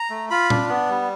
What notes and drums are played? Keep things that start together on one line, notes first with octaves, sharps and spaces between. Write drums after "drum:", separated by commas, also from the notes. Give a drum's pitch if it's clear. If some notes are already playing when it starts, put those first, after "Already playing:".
Already playing: A#5
A3
F4 B5
D4, drum: tom A#2
B3
G3